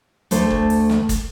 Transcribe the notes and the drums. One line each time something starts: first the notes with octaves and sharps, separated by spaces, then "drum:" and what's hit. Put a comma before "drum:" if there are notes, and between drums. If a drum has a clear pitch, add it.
D2 A3 C5, drum: hi-hat
drum: kick
drum: open hi-hat
drum: snare
drum: kick, hi-hat